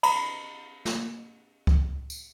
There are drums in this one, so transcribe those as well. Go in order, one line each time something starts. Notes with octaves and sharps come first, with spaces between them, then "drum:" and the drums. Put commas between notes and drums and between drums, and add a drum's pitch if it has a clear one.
A#5 B5, drum: cymbal
drum: snare
drum: kick C#2
drum: tambourine